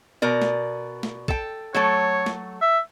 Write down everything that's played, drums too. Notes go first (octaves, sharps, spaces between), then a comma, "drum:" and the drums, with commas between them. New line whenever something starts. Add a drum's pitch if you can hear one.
B2 A#4 D5
drum: snare
drum: snare
A4 G5, drum: kick
F#3 A3 A4 C#5
drum: snare
E5